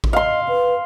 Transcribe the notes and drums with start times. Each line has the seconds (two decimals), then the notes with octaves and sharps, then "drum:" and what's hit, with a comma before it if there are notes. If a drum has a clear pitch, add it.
0.04 drum: kick A1
0.13 D#5 F5 C6
0.48 B4